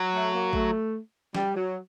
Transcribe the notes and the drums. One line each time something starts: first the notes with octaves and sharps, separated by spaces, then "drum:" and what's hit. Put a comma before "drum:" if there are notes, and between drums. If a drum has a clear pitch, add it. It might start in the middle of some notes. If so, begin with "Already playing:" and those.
Already playing: F#3
A3
A#3
A3, drum: kick G#1
G3, drum: snare
F#3